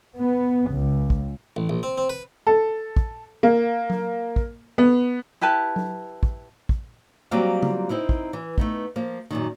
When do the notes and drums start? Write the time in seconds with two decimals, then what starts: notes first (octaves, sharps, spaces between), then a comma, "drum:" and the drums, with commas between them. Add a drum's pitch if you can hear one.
0.18 B3
0.70 C#2
1.10 drum: kick
1.56 A1
1.69 A#1
1.83 C4
1.98 C4
2.10 B4
2.47 A4
2.96 drum: kick
3.43 A#3
3.90 drum: tom F#3
4.36 drum: kick
4.78 B3
5.41 E4 G4 B4 A5
5.76 drum: tom F#3
6.23 drum: kick
6.69 drum: kick
7.31 F#3 G3 A#3 C4 F4 F5
7.63 drum: tom C#3
7.89 C4 D#4 E4 A#4
8.09 drum: kick
8.33 E3
8.58 A3 B3 D#4, drum: kick
8.96 F3 A#3
9.31 F#2 A#2 D#3